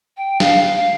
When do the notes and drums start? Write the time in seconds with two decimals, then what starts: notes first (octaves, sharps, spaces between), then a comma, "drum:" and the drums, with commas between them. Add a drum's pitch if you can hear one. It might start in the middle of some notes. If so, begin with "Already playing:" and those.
0.17 G5
0.40 F5, drum: snare
0.63 F5